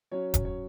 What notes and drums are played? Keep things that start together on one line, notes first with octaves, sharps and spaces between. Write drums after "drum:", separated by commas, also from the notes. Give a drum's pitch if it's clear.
F#3 C#4 C#5
drum: kick E1, hi-hat
C#5